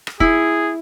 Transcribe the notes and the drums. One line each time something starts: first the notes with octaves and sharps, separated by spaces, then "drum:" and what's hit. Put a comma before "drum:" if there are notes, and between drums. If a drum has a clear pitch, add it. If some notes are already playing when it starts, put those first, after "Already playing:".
drum: rim click
E4 G#4, drum: kick